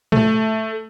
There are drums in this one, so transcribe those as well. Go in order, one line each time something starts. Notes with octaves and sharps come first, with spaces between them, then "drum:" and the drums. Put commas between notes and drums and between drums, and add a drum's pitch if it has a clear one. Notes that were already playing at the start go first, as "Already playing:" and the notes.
A3, drum: tom A2